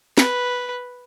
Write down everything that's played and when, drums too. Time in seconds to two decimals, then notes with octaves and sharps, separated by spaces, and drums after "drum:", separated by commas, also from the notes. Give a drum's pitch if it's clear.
0.18 B4, drum: snare